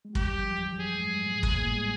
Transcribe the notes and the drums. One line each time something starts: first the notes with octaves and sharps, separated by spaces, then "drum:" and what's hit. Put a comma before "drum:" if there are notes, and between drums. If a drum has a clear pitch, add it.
G#3
G2 G3 G4, drum: kick
F#2 F#3
F#3
F2 F3
D#3
F#2 F#3 G#4
G#2 G#3
G2 G3
A2 A3
A2 A3, drum: kick
A#2 A#3
G#3
G3